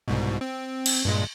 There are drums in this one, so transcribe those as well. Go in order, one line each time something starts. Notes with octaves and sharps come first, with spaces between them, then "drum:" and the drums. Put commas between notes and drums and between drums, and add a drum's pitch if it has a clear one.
C2 G#2 B2
C4
drum: cymbal
G2 A#2 G#3